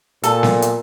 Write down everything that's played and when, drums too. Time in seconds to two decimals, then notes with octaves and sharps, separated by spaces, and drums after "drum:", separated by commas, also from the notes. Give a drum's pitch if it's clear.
0.24 A#2 A4, drum: hi-hat
0.43 drum: snare B3
0.62 drum: hi-hat